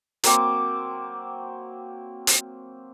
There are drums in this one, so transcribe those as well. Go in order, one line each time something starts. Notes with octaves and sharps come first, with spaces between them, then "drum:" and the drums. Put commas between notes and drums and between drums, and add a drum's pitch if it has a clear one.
F#3 A#3 C4 D6, drum: hi-hat
drum: hi-hat